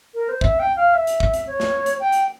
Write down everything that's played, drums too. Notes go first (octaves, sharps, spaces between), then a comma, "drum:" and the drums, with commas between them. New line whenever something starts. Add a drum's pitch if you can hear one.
A#4
C5
E5, drum: kick
G5
F5
E5
drum: hi-hat
drum: kick
drum: hi-hat
C#5
drum: snare
drum: hi-hat
G5
drum: hi-hat